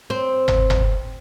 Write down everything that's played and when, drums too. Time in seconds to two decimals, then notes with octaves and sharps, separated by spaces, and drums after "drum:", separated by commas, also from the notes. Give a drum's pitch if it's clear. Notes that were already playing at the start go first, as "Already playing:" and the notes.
0.10 C4
0.48 drum: tom
0.70 drum: tom